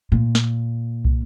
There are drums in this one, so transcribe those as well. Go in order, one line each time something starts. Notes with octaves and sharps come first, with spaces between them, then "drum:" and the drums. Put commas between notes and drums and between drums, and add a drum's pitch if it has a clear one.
A#2
drum: snare
drum: kick